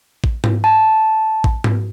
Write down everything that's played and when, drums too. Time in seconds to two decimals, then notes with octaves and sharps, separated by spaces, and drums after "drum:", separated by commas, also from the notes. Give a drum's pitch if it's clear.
0.24 drum: kick A1
0.44 drum: tom G#2
0.64 A5
1.44 drum: kick A1
1.64 drum: tom G#2